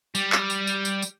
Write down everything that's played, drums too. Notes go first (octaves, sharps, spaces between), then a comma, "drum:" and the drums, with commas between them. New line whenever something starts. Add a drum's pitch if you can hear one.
G3, drum: tambourine
drum: clap
drum: tambourine
drum: tambourine
drum: tambourine
drum: tambourine